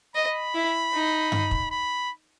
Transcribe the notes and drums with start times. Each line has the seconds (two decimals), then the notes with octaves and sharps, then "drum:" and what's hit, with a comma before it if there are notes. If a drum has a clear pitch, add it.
0.15 D#5 B5
0.55 E4
0.94 D#4
1.32 drum: tom G2
1.51 drum: kick
1.71 B5